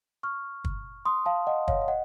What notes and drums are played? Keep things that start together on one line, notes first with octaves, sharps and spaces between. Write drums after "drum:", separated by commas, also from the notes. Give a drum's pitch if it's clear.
C#6 F6
drum: kick
C6 D#6
F5 A5
D#5 F#5
C#5 F5, drum: kick
F5
D#5 F#5